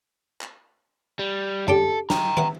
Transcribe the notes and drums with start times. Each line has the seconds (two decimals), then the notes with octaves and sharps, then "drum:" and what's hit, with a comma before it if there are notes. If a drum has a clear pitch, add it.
0.41 drum: clap
1.19 G3
1.68 C#3 D4 G4 A4, drum: tom F#2
2.10 G5 A#5, drum: snare
2.37 B4 E5 F#5, drum: tom